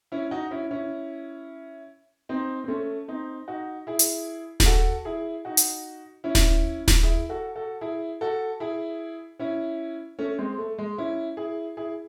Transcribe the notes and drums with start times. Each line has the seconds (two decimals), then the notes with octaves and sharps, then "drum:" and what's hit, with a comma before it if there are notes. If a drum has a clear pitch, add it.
0.12 C#4 E4
0.31 D#4 F#4
0.51 C#4 E4
0.71 C#4 E4
2.29 C4 D#4
2.64 C4
2.68 A3 C#4
3.08 C4 D#4
3.48 D#4 F#4
3.87 E4 G#4
3.99 drum: hi-hat
4.60 G#4, drum: snare D#1
4.66 F#4 A4
5.05 E4 G#4
5.45 D#4 F#4
5.57 drum: hi-hat
6.24 C#4 E4
6.35 drum: snare D#1
6.88 drum: snare D#1
7.03 E4 G#4
7.29 F#4 A4
7.56 F#4 A4
7.81 E4 G#4
8.21 F#4 A4
8.60 E4 G#4
9.39 C#4 E4
10.19 A3 C#4
10.38 G#3 C4
10.58 A3
10.78 G#3
10.98 C#4 E4
11.37 E4 G#4
11.77 E4 G#4